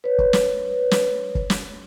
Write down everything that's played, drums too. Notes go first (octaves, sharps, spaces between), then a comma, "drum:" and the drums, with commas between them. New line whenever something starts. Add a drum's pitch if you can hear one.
B4 C#5
drum: kick
drum: snare
drum: snare
drum: kick
drum: snare